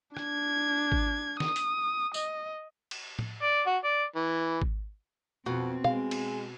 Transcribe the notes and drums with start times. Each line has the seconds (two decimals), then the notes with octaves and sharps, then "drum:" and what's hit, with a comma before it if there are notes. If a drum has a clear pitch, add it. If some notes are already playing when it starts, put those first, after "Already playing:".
0.17 D4 G#6, drum: rim click
0.92 drum: kick G#1
1.40 D#6, drum: snare
1.56 drum: hi-hat
2.14 D#5, drum: tambourine
2.91 drum: cymbal
3.19 drum: tom A2
3.42 D5
3.66 F#4
3.84 D5
4.16 E3
4.62 drum: kick G#1
5.46 F2 B2 C4 F#4
5.84 G#3 F5, drum: tom
6.11 drum: cymbal